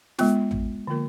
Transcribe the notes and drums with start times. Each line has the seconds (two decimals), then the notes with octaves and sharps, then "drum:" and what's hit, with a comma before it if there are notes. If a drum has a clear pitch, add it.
0.19 G#3 B3 F4, drum: snare
0.51 drum: tom A1
0.87 D3 F3 A#3 F4 A#4